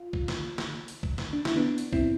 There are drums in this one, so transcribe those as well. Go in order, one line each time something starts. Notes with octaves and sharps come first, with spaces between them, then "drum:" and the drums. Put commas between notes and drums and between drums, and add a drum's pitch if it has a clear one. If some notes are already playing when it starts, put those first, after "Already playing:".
Already playing: F4
drum: kick
drum: snare
drum: snare
drum: open hi-hat
drum: kick
drum: snare
D4
E4, drum: snare
B3 D4
drum: open hi-hat
C4 E4, drum: kick